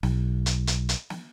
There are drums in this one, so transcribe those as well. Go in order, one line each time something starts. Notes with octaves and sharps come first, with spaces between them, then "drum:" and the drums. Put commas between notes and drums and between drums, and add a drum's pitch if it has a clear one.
B1, drum: snare
drum: hi-hat
drum: hi-hat
drum: hi-hat
drum: snare